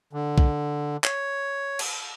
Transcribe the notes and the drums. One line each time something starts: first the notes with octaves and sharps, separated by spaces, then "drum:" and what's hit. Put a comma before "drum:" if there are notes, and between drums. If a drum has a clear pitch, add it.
D3
drum: kick
C#5, drum: clap
drum: cymbal